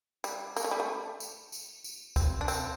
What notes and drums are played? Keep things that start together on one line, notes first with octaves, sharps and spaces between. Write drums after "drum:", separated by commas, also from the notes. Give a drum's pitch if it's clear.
G3, drum: tambourine
A#3, drum: tambourine
A3
G3
A3
drum: tambourine
drum: tambourine
drum: tambourine
C4, drum: kick, tambourine
D4
C4, drum: tambourine